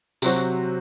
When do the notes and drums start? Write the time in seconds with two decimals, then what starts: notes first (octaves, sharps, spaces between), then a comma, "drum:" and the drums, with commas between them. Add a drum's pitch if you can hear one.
0.22 C3 F#3 C4 F#4, drum: tambourine